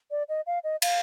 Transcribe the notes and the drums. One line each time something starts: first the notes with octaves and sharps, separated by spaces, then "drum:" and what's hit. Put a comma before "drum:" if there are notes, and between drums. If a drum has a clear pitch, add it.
D5
D#5
F5
D#5
F5, drum: cymbal